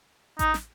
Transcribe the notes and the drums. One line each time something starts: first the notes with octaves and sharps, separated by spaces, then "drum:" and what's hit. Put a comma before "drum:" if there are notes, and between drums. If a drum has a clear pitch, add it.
D#4, drum: kick A1, hi-hat
drum: snare